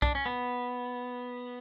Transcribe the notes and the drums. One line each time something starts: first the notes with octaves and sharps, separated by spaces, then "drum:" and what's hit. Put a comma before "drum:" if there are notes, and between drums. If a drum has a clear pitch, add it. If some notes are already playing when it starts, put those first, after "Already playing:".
D4, drum: kick B1
C#4
B3